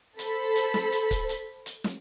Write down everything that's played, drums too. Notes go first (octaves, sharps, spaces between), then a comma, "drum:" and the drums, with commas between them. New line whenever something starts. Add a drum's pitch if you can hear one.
A4 C5 B5, drum: hi-hat
drum: hi-hat
drum: snare
drum: hi-hat
drum: kick C#1, hi-hat
drum: hi-hat
drum: hi-hat
drum: snare